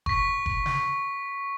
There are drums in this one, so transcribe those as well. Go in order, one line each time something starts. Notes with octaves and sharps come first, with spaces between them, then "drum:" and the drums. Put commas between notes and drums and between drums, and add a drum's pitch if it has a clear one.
C#6 B6, drum: kick
drum: kick
drum: snare